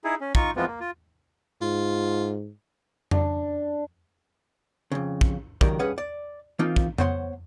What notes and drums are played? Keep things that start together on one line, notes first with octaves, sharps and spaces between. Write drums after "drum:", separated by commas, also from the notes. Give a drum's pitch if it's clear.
D#4 E4 G#4
C#4
D#4 F4 C#6, drum: kick
F2 E3 F3 G#3 B3 F4
A#3
F4
G#2 F4
D4, drum: tom F2
F2 C#3
drum: kick
C#2 D#3 F#3 G4 A#4 D5, drum: kick
G2 C#4 G#4 B4 F#5
D5
E3 A#3 C4 D#4 F4
drum: kick
B3 C5 C#5 F#5 C6, drum: tom F2